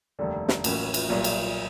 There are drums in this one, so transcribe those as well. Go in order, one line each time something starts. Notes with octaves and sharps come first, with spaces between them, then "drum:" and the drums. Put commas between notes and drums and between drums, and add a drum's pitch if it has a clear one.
F1 D#2 D3 G3
drum: snare
A1 A2 F#3 A#3 C#4, drum: cymbal
drum: cymbal
B1 A#2 G3
drum: cymbal